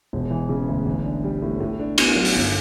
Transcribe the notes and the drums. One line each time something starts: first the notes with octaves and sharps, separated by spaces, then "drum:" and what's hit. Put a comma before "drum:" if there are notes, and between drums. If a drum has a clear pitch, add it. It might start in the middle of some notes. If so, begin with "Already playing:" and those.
E1
E3
C#3
D2
A1
D4
G3
A2
A2
D4
B3, drum: cymbal
F#3
drum: open hi-hat
G1